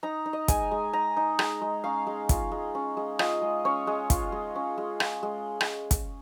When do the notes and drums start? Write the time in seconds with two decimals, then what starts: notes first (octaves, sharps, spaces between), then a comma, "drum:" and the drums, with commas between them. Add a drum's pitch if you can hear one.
0.03 D#4 A#5
0.26 D#4
0.33 D#5
0.48 G#3 G#5, drum: kick, hi-hat
0.71 G#3
0.93 D#4 A#5
1.16 D#4
1.39 G#3, drum: rim click
1.61 G#3
1.84 C#4 F5
2.07 G#3
2.29 F4, drum: kick, hi-hat
2.51 G#3
2.75 C#4
2.97 G#3
3.19 F4 D#5, drum: rim click
3.42 G#3
3.65 C#4 C#5
3.87 G#3
4.10 F4, drum: kick, hi-hat
4.32 G#3
4.55 C#4
4.78 G#3
5.00 F4, drum: rim click
5.23 G#3
5.61 drum: rim click
5.91 drum: kick, hi-hat